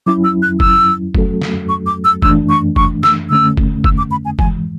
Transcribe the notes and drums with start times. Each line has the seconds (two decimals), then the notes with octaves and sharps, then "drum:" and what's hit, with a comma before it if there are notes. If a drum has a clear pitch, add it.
0.06 F#3 C#4 E4 D6
0.24 E6
0.42 F#6
0.60 E6, drum: kick F#1
1.15 F#3 A3 C#4 F#4 A4, drum: kick F#1
1.42 drum: snare
1.69 C#6
1.86 D6
2.04 E6
2.22 F#2 E3 A3 D4 E6, drum: kick F#1
2.49 C#6
2.76 C#6, drum: kick F#1
3.03 E6, drum: snare
3.30 D3 A3 C#4 E6
3.57 drum: kick F#1
3.84 E6, drum: kick F#1
3.98 D6
4.11 B5
4.25 G#5
4.39 G#2 E3 G#3 G#5, drum: kick F#1